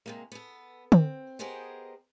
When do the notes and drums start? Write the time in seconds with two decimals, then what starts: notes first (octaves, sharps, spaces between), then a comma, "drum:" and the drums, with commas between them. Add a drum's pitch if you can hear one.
0.06 C3 G#3 A#3
0.32 B3 A4
0.92 C4, drum: tom
1.39 B3 G4 G#4 A#4 C5 D#5